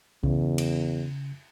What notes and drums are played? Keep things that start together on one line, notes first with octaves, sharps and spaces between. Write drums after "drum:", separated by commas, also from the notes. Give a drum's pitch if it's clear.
E2 C#3, drum: kick C2
drum: cymbal